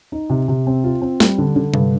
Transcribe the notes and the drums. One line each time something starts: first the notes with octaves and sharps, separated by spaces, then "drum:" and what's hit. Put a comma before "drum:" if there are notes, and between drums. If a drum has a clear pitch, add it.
D#4
C3
C3
C4
F4
C4
G3, drum: snare
D3
D3
G2, drum: tom C3